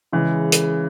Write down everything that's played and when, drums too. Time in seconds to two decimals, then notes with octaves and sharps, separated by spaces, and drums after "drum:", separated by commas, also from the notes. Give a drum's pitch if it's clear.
0.12 C#3 E3 G#3
0.52 drum: hi-hat